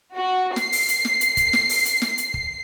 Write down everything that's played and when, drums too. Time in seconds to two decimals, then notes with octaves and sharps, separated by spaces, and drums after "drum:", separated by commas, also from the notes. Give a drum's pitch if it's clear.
0.16 F#4
0.56 C7, drum: snare
0.72 drum: open hi-hat
0.88 drum: hi-hat
1.05 drum: snare
1.21 drum: hi-hat
1.37 drum: kick, hi-hat
1.53 drum: snare
1.69 drum: open hi-hat
1.85 drum: hi-hat
2.02 drum: snare
2.18 drum: hi-hat
2.34 drum: kick